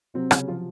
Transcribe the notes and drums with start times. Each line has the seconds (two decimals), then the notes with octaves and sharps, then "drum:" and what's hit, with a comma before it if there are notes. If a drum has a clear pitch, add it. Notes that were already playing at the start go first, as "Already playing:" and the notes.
0.14 C3 F#3 C4
0.31 C#3 C#4, drum: rim click
0.47 F3 F4